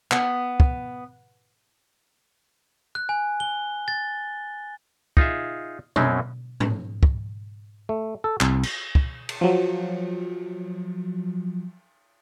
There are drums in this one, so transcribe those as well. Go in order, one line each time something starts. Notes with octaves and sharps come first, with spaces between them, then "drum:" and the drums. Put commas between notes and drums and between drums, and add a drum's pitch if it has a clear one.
B3, drum: clap
drum: kick
F#6
G#5
G7
A6
D#4 F4 G#4 E5, drum: kick
F#2 B2 F#3 C4 C#4, drum: tom B2
drum: tom G#2
drum: kick
A3
A4
C2, drum: clap
drum: cymbal
drum: kick
drum: cymbal
F3 F#3